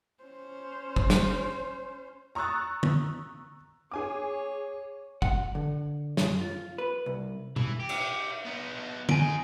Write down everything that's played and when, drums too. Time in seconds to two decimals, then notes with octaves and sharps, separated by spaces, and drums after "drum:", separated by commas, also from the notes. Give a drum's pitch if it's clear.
0.23 C#4 C5
0.96 drum: kick
1.10 drum: snare
2.35 A#5 C#6 D#6 E6 F#6 A6
2.83 drum: tom
3.91 G#4 C#5 G#5 D6
5.22 F#5, drum: kick
5.55 D3
6.17 F#2, drum: snare
6.41 F4
6.78 B4
7.06 C2
7.56 E3, drum: tom B2
7.80 G4
7.89 drum: cymbal
8.45 B3 D#4
9.09 D#4 G#4 G#5 D7, drum: tom